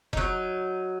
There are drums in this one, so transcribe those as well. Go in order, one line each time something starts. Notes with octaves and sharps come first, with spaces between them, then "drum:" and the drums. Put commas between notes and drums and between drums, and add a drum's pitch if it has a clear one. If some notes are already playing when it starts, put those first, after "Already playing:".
F#3 D#4, drum: kick F1